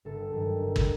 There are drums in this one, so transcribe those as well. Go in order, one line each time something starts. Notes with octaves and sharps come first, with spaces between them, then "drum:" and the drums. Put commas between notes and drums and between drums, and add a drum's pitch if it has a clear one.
G1 A4
G2 D#3 F#3
G1
drum: kick